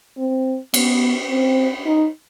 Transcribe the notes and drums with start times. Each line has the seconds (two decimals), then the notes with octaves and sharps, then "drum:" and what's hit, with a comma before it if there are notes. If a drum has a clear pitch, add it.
0.18 C4
0.74 B3, drum: cymbal
1.30 C4
1.86 D#4